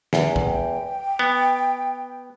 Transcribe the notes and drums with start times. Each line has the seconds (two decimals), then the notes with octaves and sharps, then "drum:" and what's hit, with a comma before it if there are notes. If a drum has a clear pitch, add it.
0.13 E2, drum: snare
0.36 drum: kick
0.46 G5
1.19 B3